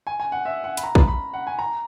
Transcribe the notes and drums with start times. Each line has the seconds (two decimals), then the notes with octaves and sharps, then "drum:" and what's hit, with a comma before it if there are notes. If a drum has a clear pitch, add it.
0.07 G#5
0.20 G#5
0.32 F#5
0.45 E5
0.64 F#5
0.77 B5, drum: hi-hat
0.84 A#5
0.95 B5, drum: kick
1.08 B5
1.34 F#5
1.47 G#5
1.59 A#5